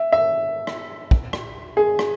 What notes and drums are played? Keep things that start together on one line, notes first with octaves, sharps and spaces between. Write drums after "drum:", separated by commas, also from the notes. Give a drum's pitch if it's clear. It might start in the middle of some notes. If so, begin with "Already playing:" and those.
Already playing: E5
E5
drum: rim click
drum: kick
drum: rim click
G#4
drum: rim click